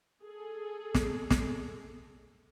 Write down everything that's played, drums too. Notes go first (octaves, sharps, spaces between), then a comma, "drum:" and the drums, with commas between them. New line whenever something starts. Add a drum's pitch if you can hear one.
G#4 A4
drum: snare
drum: snare